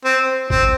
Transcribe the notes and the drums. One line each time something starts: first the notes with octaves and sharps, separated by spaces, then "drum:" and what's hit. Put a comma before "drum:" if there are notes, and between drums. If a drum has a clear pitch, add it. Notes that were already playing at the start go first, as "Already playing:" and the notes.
C4
C4, drum: kick G#1